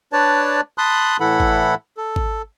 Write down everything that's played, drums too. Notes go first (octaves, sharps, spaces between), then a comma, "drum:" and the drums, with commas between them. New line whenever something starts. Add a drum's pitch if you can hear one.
D4 B4 C#5 D5 A5
A5 B5 C6 D#6 F#6
A2 E3 E4 A4 F#5 B5
drum: kick G#1
A4
drum: kick G#1